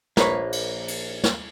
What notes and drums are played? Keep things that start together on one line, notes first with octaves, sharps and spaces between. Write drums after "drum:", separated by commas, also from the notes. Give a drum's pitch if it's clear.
A#1 A#3 B4 C#5, drum: snare
drum: cymbal
drum: cymbal
drum: snare